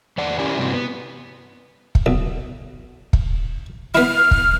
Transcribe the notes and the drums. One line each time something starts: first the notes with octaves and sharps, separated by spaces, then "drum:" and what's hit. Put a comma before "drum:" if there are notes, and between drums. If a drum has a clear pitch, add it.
E2 D5 F#5
C#4 E4 G4 A#4 D5 G#5
G2 C3 G3 C4 E4 F#4
B3
drum: kick
B1
drum: kick
B3 E4 F6
drum: kick